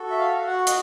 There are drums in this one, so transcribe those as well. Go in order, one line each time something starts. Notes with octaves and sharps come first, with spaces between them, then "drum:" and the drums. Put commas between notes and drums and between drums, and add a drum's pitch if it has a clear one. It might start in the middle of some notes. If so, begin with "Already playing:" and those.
Already playing: F#4 A4
E5
F5
F#4
F#5
D#5, drum: hi-hat